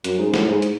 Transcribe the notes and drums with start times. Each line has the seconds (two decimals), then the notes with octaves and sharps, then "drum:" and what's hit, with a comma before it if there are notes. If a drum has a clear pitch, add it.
0.04 F#2, drum: hi-hat
0.19 G#2
0.34 A2, drum: snare
0.48 G#2
0.62 drum: hi-hat